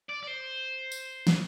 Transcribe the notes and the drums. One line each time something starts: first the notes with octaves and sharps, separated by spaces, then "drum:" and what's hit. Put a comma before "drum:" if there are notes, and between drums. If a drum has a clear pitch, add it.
D5
D5
C5
drum: tambourine
drum: snare